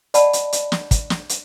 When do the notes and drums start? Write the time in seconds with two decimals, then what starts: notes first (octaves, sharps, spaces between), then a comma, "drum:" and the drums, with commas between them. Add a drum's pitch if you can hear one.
0.14 D5 D#5 F#5 A5 B5, drum: hi-hat
0.33 drum: hi-hat
0.53 drum: hi-hat
0.72 drum: snare
0.91 drum: kick, hi-hat
1.10 drum: snare
1.29 drum: hi-hat